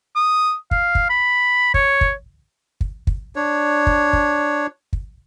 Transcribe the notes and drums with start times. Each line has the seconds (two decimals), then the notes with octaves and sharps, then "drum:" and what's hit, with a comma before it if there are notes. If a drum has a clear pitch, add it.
0.15 D#6
0.71 F5, drum: kick
0.95 drum: kick
1.10 B5
1.74 C#5, drum: kick
2.01 drum: kick
2.81 drum: kick
3.07 drum: kick
3.36 D4 C#5
3.87 drum: kick
4.13 drum: kick
4.93 drum: kick